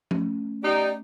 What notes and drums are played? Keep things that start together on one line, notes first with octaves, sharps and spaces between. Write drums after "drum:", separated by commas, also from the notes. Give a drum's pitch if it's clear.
A3 C#4, drum: tom F3
D#4 G4 D5